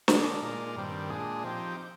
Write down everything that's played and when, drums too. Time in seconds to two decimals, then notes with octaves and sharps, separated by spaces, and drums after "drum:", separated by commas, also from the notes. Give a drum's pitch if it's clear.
0.08 D3 G#3 D#4 A#4 D5, drum: snare
0.42 A#2 G#3 D#4 A#4 D5
0.76 G2 D#3 G3 C4
1.10 A#2 G#3 D4 G#4
1.44 F3 C4 D#4 G4